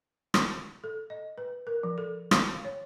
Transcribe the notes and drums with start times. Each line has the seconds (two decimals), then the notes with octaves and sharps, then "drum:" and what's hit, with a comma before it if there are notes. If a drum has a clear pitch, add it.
0.34 drum: rim click
0.84 A4
1.10 D#5
1.38 B4
1.67 A#4
1.83 F3
1.98 A4
2.31 F5, drum: rim click
2.65 C#5